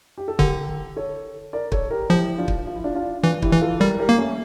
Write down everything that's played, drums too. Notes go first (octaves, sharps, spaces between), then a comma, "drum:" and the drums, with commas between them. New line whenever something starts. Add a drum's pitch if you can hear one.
G4
A4
D3 G4 A#4, drum: kick
A4 C#5
A#4 D5
A4 C#5, drum: kick
G4 A#4
F3 E4 G4
D4 F4
drum: kick
F4
E4
D4 F4
D4 F4
E3 D4 F4
E4 G4, drum: kick
E3
F4 A4
G3 G4 A#4
G4 A#4
A#3
A3 C#4